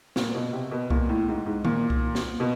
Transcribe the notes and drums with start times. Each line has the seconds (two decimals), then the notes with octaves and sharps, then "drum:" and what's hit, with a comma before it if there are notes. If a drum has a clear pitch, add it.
0.16 A#2, drum: snare
0.35 B2
0.53 C3
0.71 B2
0.90 A#2, drum: kick C2
1.09 A2
1.28 G#2
1.46 G#2
1.65 A#2, drum: tom D#3
1.90 drum: kick C2
2.15 drum: snare
2.40 B2